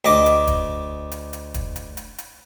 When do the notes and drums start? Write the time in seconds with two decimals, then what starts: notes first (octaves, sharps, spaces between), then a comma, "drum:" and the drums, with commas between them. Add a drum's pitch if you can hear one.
0.05 D2 D#5 D6
0.26 drum: hi-hat
0.47 drum: kick, hi-hat
1.12 drum: hi-hat
1.33 drum: hi-hat
1.54 drum: kick, hi-hat
1.76 drum: hi-hat
1.97 drum: hi-hat
2.18 drum: hi-hat